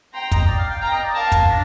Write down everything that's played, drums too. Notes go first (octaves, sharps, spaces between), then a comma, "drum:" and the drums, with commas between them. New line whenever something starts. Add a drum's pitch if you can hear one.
G5 A#5 C6
D#5, drum: kick, hi-hat
D5
F5
G5
F5 G5 A#5
D#5
D5
A#4 F5 A5
drum: kick, hi-hat
D4